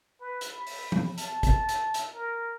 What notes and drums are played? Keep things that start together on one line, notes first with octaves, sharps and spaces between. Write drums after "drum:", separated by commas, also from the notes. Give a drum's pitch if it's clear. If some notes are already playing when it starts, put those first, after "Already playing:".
B4
drum: hi-hat
B5
drum: open hi-hat
drum: tom F3
A5, drum: hi-hat
drum: kick, hi-hat
drum: hi-hat
drum: hi-hat
A#4